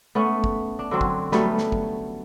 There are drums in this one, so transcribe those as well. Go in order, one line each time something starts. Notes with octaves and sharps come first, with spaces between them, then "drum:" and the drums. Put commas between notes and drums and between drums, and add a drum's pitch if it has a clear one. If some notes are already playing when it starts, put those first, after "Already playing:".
A3 B3 C#4 F#5
drum: kick
D4
D3 F#3 C4 C#4
drum: kick
F#3 G3 A3 B3, drum: snare
drum: snare
drum: kick